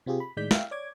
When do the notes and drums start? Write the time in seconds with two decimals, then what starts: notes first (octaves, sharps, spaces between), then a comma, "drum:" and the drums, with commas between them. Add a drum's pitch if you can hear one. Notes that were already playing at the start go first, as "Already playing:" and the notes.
0.06 C3 C4 F4 G4 G#4
0.20 B5
0.37 A2 D#3 G#3 D5 G6 B6
0.51 E5 F5 G5, drum: snare
0.71 C#5 D5 D6 G#6